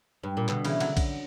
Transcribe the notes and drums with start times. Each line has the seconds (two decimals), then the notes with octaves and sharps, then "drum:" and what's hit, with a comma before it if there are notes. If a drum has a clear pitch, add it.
0.23 G2
0.37 A#2
0.49 B2 D3, drum: clap
0.65 C#3 E3, drum: cymbal
0.80 D3 F#3, drum: cymbal
0.97 drum: kick A#1, cymbal